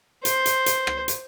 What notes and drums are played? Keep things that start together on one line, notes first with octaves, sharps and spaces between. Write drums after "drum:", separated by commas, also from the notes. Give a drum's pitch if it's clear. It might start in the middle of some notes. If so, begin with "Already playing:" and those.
C5, drum: hi-hat
drum: hi-hat
drum: hi-hat
drum: rim click
drum: hi-hat